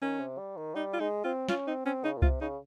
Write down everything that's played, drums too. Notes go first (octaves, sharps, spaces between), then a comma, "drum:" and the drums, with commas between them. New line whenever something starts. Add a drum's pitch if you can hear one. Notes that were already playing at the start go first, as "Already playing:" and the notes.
D#3 C#4
C3
G3
D#3
G3 D#4
F4
G#3 D#4
C4 F4
C#4 F4, drum: snare
C4 D#4
C4 C#4
C#3 D#4
A#2
C3 F4, drum: kick C2
C#3 D#4